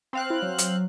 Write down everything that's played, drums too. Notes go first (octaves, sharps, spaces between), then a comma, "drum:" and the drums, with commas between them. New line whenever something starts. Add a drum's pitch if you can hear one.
C4 F5 F#6
E4
F#3
drum: hi-hat